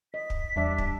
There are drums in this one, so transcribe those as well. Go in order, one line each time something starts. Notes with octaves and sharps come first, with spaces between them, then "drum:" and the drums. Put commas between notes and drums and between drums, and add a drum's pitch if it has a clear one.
D#5 B6
drum: kick
E2 G3 D4 E5
drum: kick